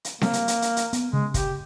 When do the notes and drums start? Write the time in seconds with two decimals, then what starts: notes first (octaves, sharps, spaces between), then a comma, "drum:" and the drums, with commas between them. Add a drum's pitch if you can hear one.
0.05 drum: hi-hat
0.21 A#3, drum: snare C4
0.33 drum: hi-hat
0.48 drum: hi-hat
0.62 drum: hi-hat
0.77 drum: hi-hat
0.93 B3, drum: hi-hat
1.13 C#3 G#3
1.34 G4, drum: kick, hi-hat